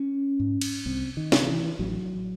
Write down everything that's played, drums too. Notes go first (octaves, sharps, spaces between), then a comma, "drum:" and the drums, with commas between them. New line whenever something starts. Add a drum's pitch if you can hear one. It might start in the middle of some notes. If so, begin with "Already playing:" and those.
Already playing: C#4
G#2
drum: cymbal
C2 C4
D#3
C3, drum: snare
E3
A1 F#3